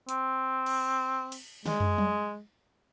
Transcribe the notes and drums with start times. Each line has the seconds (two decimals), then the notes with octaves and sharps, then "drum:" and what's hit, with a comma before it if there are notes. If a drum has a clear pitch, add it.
0.09 C4, drum: hi-hat
0.66 drum: cymbal
1.32 drum: cymbal
1.66 G#3, drum: snare
1.80 drum: tom
1.98 drum: tom F#3